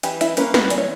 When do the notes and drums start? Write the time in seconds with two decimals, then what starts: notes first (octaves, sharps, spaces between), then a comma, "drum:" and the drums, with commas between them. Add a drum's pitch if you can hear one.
0.03 E3 G4, drum: hi-hat
0.21 E4, drum: hi-hat
0.37 A#3 C#4 B4, drum: hi-hat
0.54 B4, drum: snare
0.70 E3 D5, drum: hi-hat
0.78 C#5